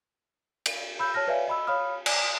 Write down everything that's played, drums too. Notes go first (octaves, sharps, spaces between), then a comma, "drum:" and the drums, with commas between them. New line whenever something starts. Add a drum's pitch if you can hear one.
drum: cymbal
B5 E6 G6
C#5 A5 F6 A#6
B4 C#5 D5 E5 F5 G#5
D#5 B5 E6
C#5 F5 B5 D#6 F6
D5 G#5, drum: cymbal